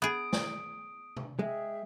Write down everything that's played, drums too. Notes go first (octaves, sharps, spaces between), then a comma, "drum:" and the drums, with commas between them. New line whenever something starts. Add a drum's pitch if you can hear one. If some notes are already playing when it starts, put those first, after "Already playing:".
B3 G#4 D#6 D7
drum: snare
drum: tom C3
G#3 G#4 E5 G5